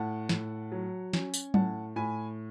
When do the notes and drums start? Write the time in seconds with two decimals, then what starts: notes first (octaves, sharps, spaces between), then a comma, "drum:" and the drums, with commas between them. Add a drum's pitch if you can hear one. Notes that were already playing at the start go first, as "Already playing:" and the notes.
Already playing: A2 F#5 A5
0.29 A2, drum: snare
0.72 F#3
1.13 C#4, drum: snare
1.34 drum: tambourine
1.54 A2 F#5 A5, drum: tom F#3
1.96 A2 G#5 B5